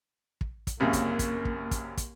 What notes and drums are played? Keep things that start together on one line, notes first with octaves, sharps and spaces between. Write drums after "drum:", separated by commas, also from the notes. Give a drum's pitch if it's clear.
drum: kick
drum: kick, hi-hat
C2 F#2 C#3 A#3
drum: kick, hi-hat
drum: kick, hi-hat
drum: kick
drum: kick, hi-hat
drum: kick, hi-hat